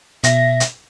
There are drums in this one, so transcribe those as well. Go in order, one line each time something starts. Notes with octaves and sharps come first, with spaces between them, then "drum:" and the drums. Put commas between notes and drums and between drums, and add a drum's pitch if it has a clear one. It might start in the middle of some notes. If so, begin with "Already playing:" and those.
B2 E5 A#6, drum: hi-hat
drum: hi-hat